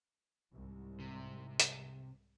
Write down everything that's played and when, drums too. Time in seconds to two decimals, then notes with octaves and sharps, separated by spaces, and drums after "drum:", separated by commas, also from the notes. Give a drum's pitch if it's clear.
0.53 C2 G#2
1.00 C3
1.60 drum: hi-hat